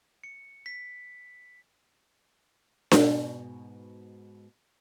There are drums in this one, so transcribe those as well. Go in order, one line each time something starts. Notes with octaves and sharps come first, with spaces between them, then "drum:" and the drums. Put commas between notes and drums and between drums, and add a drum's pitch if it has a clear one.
C#7
B6
G#2 B2, drum: snare D4